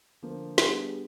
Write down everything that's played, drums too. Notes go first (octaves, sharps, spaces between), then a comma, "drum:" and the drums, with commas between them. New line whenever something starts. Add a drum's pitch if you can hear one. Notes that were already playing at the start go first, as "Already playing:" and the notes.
D3 F3 A#3
G3 B3 D4 F4 G#4, drum: snare